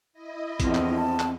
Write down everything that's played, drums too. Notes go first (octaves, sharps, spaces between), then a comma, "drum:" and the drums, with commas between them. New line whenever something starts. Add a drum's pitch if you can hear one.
E4 D#5
E2 D3 F3 C4, drum: kick, hi-hat
drum: clap
A5
drum: clap